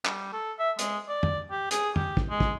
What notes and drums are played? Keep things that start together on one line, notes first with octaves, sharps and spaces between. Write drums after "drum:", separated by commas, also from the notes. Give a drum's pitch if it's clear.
G3, drum: clap
A4
E5
G#3, drum: hi-hat
D5
drum: tom
G4
G#4, drum: hi-hat
G4, drum: tom
drum: kick
G#3
drum: kick